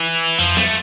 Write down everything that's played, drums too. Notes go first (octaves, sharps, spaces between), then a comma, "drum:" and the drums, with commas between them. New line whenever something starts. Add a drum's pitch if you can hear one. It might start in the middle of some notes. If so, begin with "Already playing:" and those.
Already playing: E3
F3, drum: tom F2
A3, drum: snare B3